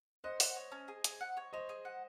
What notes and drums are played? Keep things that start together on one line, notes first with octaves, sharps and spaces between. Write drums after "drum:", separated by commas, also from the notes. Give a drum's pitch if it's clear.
C5 D#5 F#5
F#5, drum: open hi-hat
C#5
C#4
G#4
G#4, drum: hi-hat
F#5
C#5
C5 C#5 D#5
G#4
F#5